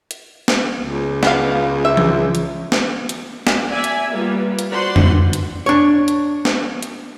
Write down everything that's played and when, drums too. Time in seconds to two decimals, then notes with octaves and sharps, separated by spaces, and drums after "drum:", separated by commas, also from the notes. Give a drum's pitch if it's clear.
0.11 drum: hi-hat
0.48 drum: snare
0.81 C#2
1.23 B3 F5, drum: snare
1.85 E5
1.97 drum: tom E3
2.35 drum: hi-hat
2.72 drum: snare
3.09 drum: hi-hat
3.47 drum: snare
3.70 D5 E5 G#5
3.84 drum: hi-hat
4.13 G3 A#3 B3 F4
4.59 drum: hi-hat
4.71 F#4 B4 C5 D5 F#5 C6
4.96 drum: tom F2
5.33 drum: hi-hat
5.66 D4 C#5
6.08 drum: hi-hat
6.45 drum: snare
6.83 drum: hi-hat